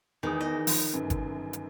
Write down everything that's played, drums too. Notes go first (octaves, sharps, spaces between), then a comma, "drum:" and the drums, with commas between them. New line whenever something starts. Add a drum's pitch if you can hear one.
E2 D#3 G#3 D#6
D#5
F3, drum: open hi-hat
G1 F#2 C#3
drum: kick G1, hi-hat
drum: hi-hat